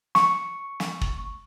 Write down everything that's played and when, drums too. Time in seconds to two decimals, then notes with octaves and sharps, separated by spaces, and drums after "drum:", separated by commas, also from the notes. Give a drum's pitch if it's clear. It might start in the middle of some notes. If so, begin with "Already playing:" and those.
0.15 C#6, drum: snare
0.80 drum: snare
1.01 drum: kick